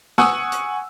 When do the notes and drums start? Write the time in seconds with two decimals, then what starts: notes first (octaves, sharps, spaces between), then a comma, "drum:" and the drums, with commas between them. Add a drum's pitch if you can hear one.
0.18 F#5 G#5 C#6 D#6 E6, drum: snare
0.52 drum: hi-hat